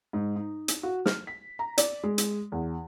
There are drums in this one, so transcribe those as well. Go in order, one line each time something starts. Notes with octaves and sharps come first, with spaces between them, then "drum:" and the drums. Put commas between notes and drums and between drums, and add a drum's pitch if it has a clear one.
G#2
D#4
drum: hi-hat
F#4
F6, drum: snare
B6
A#5
D5, drum: hi-hat
G#3
drum: hi-hat
E2